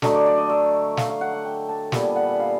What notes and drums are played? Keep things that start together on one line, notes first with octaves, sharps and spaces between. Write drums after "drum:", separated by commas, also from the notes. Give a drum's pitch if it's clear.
D3 F#3 A3 D#5, drum: snare
D5
D5
D#5
E5
F5, drum: snare
F5
F#5
F#5
G5
A5
A#2 G3 B3 G#5, drum: snare
G#5
F#5
E5
F5